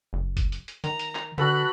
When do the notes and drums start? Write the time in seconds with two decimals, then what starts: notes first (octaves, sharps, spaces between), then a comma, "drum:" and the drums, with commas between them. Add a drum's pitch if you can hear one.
0.13 F#1
0.37 drum: kick, hi-hat
0.52 drum: hi-hat
0.68 drum: hi-hat
0.84 D#3 A#5, drum: hi-hat
0.99 drum: hi-hat
1.15 drum: clap
1.38 D3 F#4 A4 B4 B5 F#6